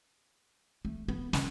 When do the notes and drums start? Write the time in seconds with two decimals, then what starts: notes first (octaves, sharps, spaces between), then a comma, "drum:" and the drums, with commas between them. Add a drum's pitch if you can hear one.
0.85 A3
1.08 B3
1.33 C#4, drum: snare